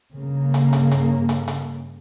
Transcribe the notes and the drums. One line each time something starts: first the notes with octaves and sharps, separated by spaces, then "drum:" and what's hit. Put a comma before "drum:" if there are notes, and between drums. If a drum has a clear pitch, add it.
G2 C#3 A#3
drum: hi-hat
drum: hi-hat
drum: hi-hat
drum: hi-hat
drum: hi-hat